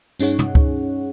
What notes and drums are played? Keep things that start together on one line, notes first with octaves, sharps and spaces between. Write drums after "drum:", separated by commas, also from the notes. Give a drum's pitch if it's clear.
G2 C#4 D#4 G#4 C#5 F#5, drum: tambourine
drum: tom
drum: kick C#2